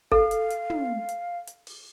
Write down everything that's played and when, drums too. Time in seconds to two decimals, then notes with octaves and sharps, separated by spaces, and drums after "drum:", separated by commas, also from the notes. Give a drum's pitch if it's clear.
0.12 A4 F5, drum: kick G1
0.31 drum: hi-hat
0.50 drum: hi-hat
0.70 drum: tom
1.09 drum: hi-hat
1.47 drum: hi-hat
1.67 drum: open hi-hat